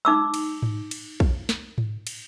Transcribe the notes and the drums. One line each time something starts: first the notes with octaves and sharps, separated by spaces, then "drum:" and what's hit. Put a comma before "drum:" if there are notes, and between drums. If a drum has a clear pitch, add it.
D#4 D6 E6
drum: cymbal
drum: tom G#2
drum: cymbal
drum: kick
drum: snare
drum: tom G#2
drum: cymbal